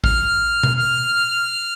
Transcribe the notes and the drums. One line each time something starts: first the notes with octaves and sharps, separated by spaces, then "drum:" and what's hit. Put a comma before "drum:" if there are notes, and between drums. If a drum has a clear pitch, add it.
F6, drum: kick
drum: tom B2
F6